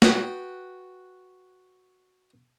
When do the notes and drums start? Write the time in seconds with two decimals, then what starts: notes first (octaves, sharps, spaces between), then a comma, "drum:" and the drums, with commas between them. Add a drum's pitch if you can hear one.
0.02 F#4 B4 G5 A5 D#6, drum: snare